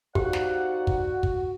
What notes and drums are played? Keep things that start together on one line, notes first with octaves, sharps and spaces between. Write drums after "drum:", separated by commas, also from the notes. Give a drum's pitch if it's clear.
F2 D#4 F#4 G4 C5 D5 F5 F#5, drum: kick
drum: snare
drum: kick
drum: kick